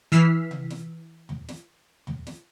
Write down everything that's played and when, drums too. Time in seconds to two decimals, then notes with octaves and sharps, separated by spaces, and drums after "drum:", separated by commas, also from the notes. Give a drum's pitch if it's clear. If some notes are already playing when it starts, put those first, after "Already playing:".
0.12 E3 E6 F6 B6 C7
0.51 drum: tom C3
0.70 drum: snare
1.29 drum: tom
1.48 drum: snare
2.07 drum: tom
2.27 drum: snare